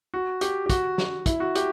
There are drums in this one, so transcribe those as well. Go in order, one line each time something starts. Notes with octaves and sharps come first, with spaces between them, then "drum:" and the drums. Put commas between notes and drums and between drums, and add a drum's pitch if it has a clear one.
F#4
G4, drum: hi-hat
G4
F#4, drum: kick, hi-hat
drum: snare
E4, drum: kick, hi-hat
F#4
G4, drum: hi-hat